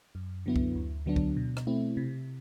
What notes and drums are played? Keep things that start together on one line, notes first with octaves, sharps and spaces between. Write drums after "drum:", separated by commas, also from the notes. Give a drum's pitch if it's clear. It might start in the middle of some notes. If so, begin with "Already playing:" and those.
F#2
D3 F#3 B3 E4
drum: kick C2
D2
D3 F#3 B3 D4
drum: kick C2
B2
drum: rim click
A3 C4 E4
C3